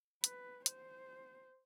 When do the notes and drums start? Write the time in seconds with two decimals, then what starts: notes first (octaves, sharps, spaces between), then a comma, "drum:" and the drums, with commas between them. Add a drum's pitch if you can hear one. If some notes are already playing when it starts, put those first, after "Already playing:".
0.24 B4, drum: hi-hat
0.66 C5, drum: hi-hat